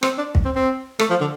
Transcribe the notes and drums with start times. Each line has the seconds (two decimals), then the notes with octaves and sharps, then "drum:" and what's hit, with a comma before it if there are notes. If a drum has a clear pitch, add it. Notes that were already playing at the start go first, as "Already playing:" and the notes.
0.03 C4, drum: rim click
0.18 D4
0.35 drum: kick
0.45 C4
0.56 C4
0.99 A3, drum: rim click
1.10 F3
1.21 D3